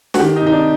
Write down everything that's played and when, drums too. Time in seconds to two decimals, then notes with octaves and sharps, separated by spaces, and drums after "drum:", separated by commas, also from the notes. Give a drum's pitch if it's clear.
0.14 F#4, drum: snare
0.20 D#3 G4
0.36 D#4
0.41 C3
0.46 D#4
0.53 D4